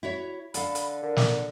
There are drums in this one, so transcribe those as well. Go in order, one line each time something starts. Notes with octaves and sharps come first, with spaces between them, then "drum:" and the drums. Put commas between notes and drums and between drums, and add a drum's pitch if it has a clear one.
E4 F#4 C#5
D3 A4 F5 B5, drum: hi-hat
drum: hi-hat
D3 A#4
drum: snare